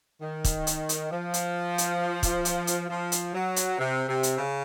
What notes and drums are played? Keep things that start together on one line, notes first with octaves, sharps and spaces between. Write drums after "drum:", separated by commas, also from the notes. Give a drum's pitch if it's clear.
D#3
drum: kick, hi-hat
drum: hi-hat
drum: hi-hat
F3
drum: hi-hat
drum: hi-hat
drum: kick, hi-hat
drum: hi-hat
drum: hi-hat
F3
drum: hi-hat
F#3
drum: hi-hat
C3
C3
drum: hi-hat
C#3